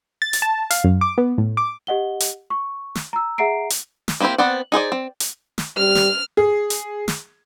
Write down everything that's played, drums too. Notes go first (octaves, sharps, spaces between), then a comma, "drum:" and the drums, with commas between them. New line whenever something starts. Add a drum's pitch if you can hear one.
A6
drum: hi-hat
A5
F5, drum: hi-hat
F#2
D6
B3
A2
D6
G4 D#5 F#5 G7
drum: hi-hat
C#6
drum: snare
A#5 E6
G#4 E5 F#5 A#5 C7 D7
drum: hi-hat
drum: snare
A#3 C4 E4 G4 C5
B3 C4 C5 D5 F#5
D#4 G#4 C5 D5
C4
drum: hi-hat
drum: snare
G3 F6
drum: snare
G#4
drum: hi-hat
drum: snare